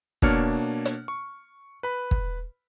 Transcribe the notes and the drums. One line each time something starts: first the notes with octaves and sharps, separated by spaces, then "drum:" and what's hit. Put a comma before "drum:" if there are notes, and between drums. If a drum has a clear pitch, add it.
B2 A#3 D4 C#5 F6 C#7, drum: kick
drum: hi-hat
C#6
B4 B5
drum: kick